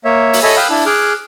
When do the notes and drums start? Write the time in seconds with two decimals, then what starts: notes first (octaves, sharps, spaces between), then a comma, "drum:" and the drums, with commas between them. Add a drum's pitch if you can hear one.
0.05 A#3 C#5 E5
0.33 drum: open hi-hat
0.43 A4 C#5 D#5 E5 G#5 B5
0.56 F5 G5 B5 D#6 E6 F#6
0.70 D4 E4
0.86 G#4 D6 F6 F#6